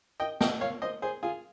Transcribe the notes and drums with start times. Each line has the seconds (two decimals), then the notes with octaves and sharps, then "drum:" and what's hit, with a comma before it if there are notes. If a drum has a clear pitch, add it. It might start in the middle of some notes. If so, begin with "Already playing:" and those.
0.20 D#5 G5
0.41 D#5 G5, drum: snare
0.61 C#5 F5
0.82 C5 D#5
1.02 G#4 C5
1.23 F4 G#4